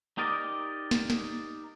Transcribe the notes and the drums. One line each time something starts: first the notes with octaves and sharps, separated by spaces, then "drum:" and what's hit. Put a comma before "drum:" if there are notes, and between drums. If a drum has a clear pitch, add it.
D#4 G4 A#4 D5 D#5
drum: snare
drum: snare